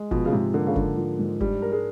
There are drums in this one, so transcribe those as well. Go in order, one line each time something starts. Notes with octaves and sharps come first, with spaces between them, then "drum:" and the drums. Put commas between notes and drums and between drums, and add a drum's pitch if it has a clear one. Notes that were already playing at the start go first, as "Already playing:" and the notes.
Already playing: G#3
B2 F3, drum: kick F#1
C#3
G#2 C3
D3 A#3
C#3
G#2 D3, drum: kick F#1
F3
G#2
G3 D4, drum: kick F#1
A#4
G#3